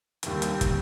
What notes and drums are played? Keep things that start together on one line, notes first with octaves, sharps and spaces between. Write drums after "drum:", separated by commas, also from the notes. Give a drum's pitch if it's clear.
F#1 D#2 G3 C4, drum: hi-hat
drum: hi-hat
drum: kick, hi-hat